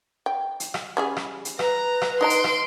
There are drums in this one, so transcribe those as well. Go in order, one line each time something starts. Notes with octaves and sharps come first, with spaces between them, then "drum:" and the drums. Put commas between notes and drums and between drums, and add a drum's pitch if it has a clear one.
G5
drum: hi-hat
drum: rim click
C#3 G3 G#4
drum: rim click
drum: hi-hat
B4 A#5, drum: rim click
drum: rim click
D#4 D#5 A#5 C6 D7
drum: hi-hat
drum: rim click